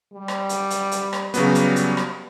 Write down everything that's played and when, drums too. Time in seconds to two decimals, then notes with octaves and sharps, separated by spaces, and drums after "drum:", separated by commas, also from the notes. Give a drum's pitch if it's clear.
0.13 G3
0.28 drum: rim click
0.49 drum: hi-hat
0.70 drum: hi-hat
0.92 drum: hi-hat
1.13 drum: rim click
1.34 C#3 F#3 G3 B3, drum: hi-hat
1.55 drum: hi-hat
1.76 drum: hi-hat
1.97 drum: rim click